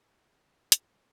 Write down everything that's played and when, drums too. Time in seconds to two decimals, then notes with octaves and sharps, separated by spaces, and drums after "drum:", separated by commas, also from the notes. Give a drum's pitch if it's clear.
0.24 F#5
0.38 A#2
0.72 C#5 D#5, drum: hi-hat